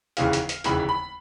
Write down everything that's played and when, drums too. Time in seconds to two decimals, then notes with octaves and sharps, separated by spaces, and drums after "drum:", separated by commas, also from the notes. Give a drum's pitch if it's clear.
0.17 F1 D#2 C#3 E3 F5, drum: hi-hat
0.33 drum: hi-hat
0.49 drum: hi-hat
0.64 F1 D#2 C#3 E3 B5, drum: hi-hat
0.89 B5